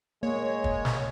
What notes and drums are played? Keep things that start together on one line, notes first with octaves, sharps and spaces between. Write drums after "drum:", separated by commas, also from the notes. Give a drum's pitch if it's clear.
G#3 A#3 C#5
drum: kick
drum: snare